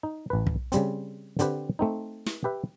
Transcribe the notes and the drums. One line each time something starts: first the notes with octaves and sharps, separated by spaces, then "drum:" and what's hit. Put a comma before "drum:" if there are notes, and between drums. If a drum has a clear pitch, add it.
D#4
A1 B4
drum: kick
C#3 G3 C4, drum: hi-hat
D3 C4 G4 B4 C5, drum: hi-hat
A3 C4 D#4
drum: snare
G4 B4 E5